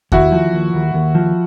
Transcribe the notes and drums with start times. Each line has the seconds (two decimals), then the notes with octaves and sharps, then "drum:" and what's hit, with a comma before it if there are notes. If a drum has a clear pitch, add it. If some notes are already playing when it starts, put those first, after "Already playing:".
0.12 D#2 E4 F#4, drum: kick E2
0.32 F3
0.53 D#2
0.74 D#2
0.94 D#2
1.15 F3